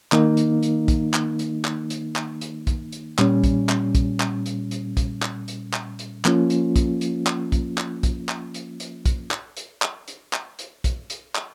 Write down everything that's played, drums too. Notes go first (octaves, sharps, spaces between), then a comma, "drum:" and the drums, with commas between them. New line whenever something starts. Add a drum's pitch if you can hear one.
D#3 A#3 D#4, drum: clap
drum: hi-hat
drum: hi-hat
drum: kick, hi-hat
drum: clap
drum: hi-hat
drum: clap
drum: hi-hat
drum: clap
drum: hi-hat
drum: kick, hi-hat
drum: hi-hat
A#2 G3 C#4, drum: clap
drum: kick, hi-hat
drum: clap
drum: kick, hi-hat
drum: clap
drum: hi-hat
drum: hi-hat
drum: kick, hi-hat
drum: clap
drum: hi-hat
drum: clap
drum: hi-hat
F3 A#3 C#4 F4, drum: clap
drum: hi-hat
drum: kick, hi-hat
drum: hi-hat
drum: clap
drum: kick, hi-hat
drum: clap
drum: kick, hi-hat
drum: clap
drum: hi-hat
drum: hi-hat
drum: kick, hi-hat
drum: clap
drum: hi-hat
drum: clap
drum: hi-hat
drum: clap
drum: hi-hat
drum: kick, hi-hat
drum: hi-hat
drum: clap